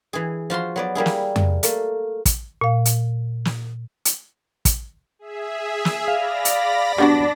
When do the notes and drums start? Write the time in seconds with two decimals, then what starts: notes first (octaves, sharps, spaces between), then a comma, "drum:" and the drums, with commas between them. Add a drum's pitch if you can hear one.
0.13 E3 G#4
0.50 F3 F4 F#4 C6
0.76 F#3 B3 D5
0.95 G3 A#3 E4 G#4
1.06 drum: snare
1.36 drum: tom F2
1.63 A3 A#3, drum: hi-hat
2.26 drum: kick, hi-hat
2.61 A#2 F5
2.85 drum: hi-hat
3.45 drum: snare
4.05 drum: hi-hat
4.65 drum: kick, hi-hat
5.19 G#4 E5
5.85 drum: snare
6.08 D5 F5 B5 A#6
6.45 drum: hi-hat
6.98 G3 B3 D4 F#4